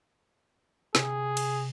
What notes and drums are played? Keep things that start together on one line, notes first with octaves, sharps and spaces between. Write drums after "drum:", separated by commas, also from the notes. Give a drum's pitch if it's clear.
C3 G#4, drum: snare
drum: cymbal